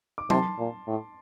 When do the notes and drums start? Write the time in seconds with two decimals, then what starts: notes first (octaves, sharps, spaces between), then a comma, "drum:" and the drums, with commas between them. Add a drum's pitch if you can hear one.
0.18 D6
0.30 C3 A5 C6, drum: tom F#3
0.59 A#2
0.87 A2